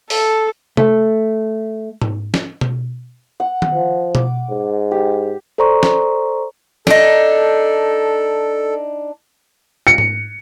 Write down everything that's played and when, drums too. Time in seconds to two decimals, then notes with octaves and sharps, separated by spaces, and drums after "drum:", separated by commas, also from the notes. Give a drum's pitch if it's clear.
0.10 A4, drum: open hi-hat
0.77 A3, drum: tom C3
2.02 drum: tom G#2
2.34 drum: snare
2.61 drum: tom B2
3.40 F#5
3.62 drum: tom D#3
3.74 F3
4.15 D6, drum: tom B2
4.50 G#2
4.91 G4
5.58 A4 C5 D5 A#5 C6 C#6
5.83 drum: snare
6.87 D4 D#4 A4, drum: snare
9.87 C#7
9.98 drum: tom G#2